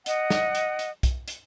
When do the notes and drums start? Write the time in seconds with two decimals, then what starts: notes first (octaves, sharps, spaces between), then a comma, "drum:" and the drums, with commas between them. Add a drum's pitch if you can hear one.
0.06 D#5 F#5, drum: hi-hat
0.30 drum: snare
0.55 drum: hi-hat
0.79 drum: hi-hat
1.03 drum: kick, hi-hat
1.28 drum: hi-hat